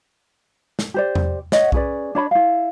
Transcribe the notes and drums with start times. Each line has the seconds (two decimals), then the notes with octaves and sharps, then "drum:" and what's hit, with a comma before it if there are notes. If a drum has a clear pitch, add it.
0.79 drum: snare
0.94 G4 C5 D5
1.15 drum: tom E2
1.52 C#5 D#5 F#5, drum: snare
1.72 C#4 G#4 B4 D5, drum: kick B1
2.15 D4 C#5 B5
2.31 E4 F5